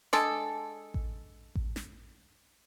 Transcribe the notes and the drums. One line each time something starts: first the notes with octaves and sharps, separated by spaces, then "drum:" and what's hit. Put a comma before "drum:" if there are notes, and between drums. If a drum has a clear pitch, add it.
G#3 D4 G#4 A4, drum: snare
drum: kick A1
drum: kick A1
drum: snare